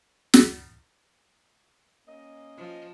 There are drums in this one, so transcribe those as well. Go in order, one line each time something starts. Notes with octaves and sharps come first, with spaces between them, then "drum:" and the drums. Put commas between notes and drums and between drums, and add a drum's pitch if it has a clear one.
drum: snare
A#3 C#4 D#5
F3